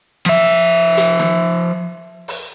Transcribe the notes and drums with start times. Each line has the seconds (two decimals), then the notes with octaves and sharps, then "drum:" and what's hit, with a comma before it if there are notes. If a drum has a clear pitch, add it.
0.26 F3 E5
0.97 drum: hi-hat
1.19 drum: snare
2.28 drum: open hi-hat